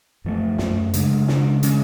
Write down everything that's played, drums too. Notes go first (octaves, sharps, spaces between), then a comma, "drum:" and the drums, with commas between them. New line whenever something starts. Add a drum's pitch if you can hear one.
F#2 F3 A3
F#2 F3 A3, drum: snare
C#3 G#3 D4, drum: hi-hat
C#3 G#3 D4, drum: snare
C#3 G#3 C#4, drum: hi-hat